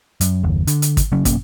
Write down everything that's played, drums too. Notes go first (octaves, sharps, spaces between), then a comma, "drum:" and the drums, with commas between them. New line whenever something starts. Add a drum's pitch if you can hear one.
F#2, drum: hi-hat
F#1 D#2
D3, drum: hi-hat
drum: hi-hat
drum: kick, hi-hat
C#3 F#3 C#4
F#2 B2 A#3 C#4, drum: kick, hi-hat